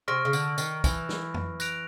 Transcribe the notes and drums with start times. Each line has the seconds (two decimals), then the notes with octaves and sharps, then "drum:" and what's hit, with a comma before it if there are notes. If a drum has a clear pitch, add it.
0.08 C3 C#6 F6 A#6 D7
0.25 C#3
0.33 D3, drum: tambourine
0.58 D#3, drum: tambourine
0.84 E3, drum: kick, tambourine
1.09 drum: snare
1.34 drum: tom F2
1.60 F#6 A#6 D7 F7, drum: tambourine